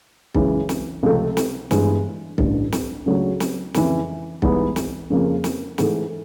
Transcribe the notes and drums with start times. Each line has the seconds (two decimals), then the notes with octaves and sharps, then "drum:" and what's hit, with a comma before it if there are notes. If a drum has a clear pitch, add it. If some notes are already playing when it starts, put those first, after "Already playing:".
0.35 F#2 C#3 E3 G#3, drum: kick B1
0.69 drum: snare
1.03 C#2 C3 F3 A3 C4
1.37 drum: snare
1.71 G1 G2 E3 G#3 B3, drum: snare
2.38 A1 G2 D3, drum: kick B1
2.72 drum: snare
3.06 C#2 C#3 F#3 A3 D4
3.40 drum: snare
3.74 F2 C#3 E3, drum: snare
4.42 G#2 E3 G3 B3, drum: kick B1
4.76 drum: snare
5.10 F2 C#3 F3 A#3
5.44 drum: snare
5.78 G#2 E3 A3, drum: snare